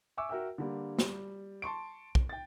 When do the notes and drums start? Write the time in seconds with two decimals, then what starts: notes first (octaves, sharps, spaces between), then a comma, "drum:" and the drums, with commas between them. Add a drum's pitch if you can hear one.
0.17 E5 G#5 C#6 D6 E6
0.29 F#4 A#4 E5 G5 E6
0.58 D3 G3 A#3
0.99 G3, drum: snare
1.62 A5 C6 C#6 D7
2.15 drum: kick
2.29 G5 A6